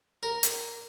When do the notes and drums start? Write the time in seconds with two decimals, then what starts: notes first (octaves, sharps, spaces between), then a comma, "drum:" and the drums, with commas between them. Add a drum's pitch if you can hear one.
0.23 A#4
0.43 drum: hi-hat